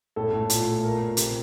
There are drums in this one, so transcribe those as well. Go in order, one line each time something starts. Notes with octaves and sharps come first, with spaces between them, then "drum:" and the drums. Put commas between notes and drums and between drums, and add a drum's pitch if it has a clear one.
A2 A4
A2
A#2, drum: hi-hat
A3
A#2 A#4
A#2
C3, drum: hi-hat